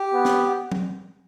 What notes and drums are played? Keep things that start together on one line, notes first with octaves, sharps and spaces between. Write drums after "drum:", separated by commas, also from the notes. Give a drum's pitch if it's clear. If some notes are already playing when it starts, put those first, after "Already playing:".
Already playing: G4
B3
drum: snare
drum: tom